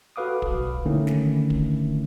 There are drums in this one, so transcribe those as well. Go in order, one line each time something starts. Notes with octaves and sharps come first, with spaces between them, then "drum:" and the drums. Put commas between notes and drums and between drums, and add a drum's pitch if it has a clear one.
F#4 A4 B4 F5 D6 D#6
drum: kick
B1
D3 D#3 A3 A#3 C#4 E4
drum: snare
drum: kick